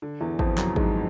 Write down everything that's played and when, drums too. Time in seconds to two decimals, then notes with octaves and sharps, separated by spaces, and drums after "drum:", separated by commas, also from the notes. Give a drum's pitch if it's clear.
0.02 D3
0.21 E2 E3
0.39 F2 F3, drum: kick G#1
0.58 F#2 F#3, drum: clap
0.76 G#2 G#3, drum: kick G#1